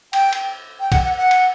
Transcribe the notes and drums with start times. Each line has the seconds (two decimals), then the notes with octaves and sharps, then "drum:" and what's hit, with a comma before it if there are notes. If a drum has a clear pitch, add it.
0.13 G5, drum: cymbal
0.33 drum: cymbal
0.80 G5
0.92 F#5, drum: kick B1, cymbal
1.05 F#5
1.18 F#5
1.31 drum: cymbal